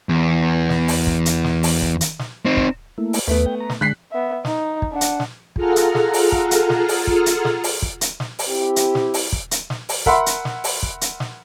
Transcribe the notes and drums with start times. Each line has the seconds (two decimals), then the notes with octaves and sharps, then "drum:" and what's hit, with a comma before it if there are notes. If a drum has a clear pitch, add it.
0.09 E2
0.69 drum: snare
0.88 drum: open hi-hat
1.07 drum: kick
1.26 drum: hi-hat
1.44 drum: snare
1.63 drum: open hi-hat
1.82 drum: kick
2.01 drum: hi-hat
2.19 drum: snare
2.45 C4 D#4
2.57 drum: kick
2.98 A3 A#3 E4
3.13 drum: open hi-hat
3.28 D#2 A3 B3 B4
3.46 G5
3.60 A#5
3.70 drum: snare
3.81 D3 G#3 F#6 B6 C7
4.12 B3 E5
4.45 D#4, drum: snare
4.82 drum: kick
4.92 D4 F#5
5.01 drum: hi-hat
5.20 drum: snare
5.56 F4 G#4 A4 F#5 A#5 F6, drum: kick
5.76 drum: hi-hat
5.95 drum: snare
6.13 drum: open hi-hat
6.32 drum: kick
6.51 drum: hi-hat
6.70 drum: snare
6.89 drum: open hi-hat
7.07 drum: kick
7.26 drum: hi-hat
7.45 drum: snare
7.64 drum: open hi-hat
7.82 drum: kick
8.01 drum: hi-hat
8.20 drum: snare
8.39 drum: open hi-hat
8.49 C4 E4 G4
8.76 drum: hi-hat
8.95 drum: snare
9.14 drum: open hi-hat
9.32 drum: kick
9.51 drum: hi-hat
9.70 drum: snare
9.89 drum: open hi-hat
10.06 A#4 E5 F#5 B5 C6, drum: kick
10.26 drum: hi-hat
10.45 drum: snare
10.64 drum: open hi-hat
10.83 drum: kick
11.01 drum: hi-hat
11.20 drum: snare